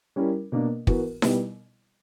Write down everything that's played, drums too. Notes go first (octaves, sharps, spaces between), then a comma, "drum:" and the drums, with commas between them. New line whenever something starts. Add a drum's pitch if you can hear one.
G3 C#4 E4 A#4
B2 A#3 D4
E3 B3 F#4 A#4, drum: kick
B2 G3 B3 E4, drum: snare D#4